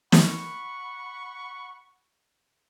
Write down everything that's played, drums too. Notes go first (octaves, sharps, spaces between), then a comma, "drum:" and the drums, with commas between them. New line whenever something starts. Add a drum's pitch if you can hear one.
F#5 B5 C#6, drum: snare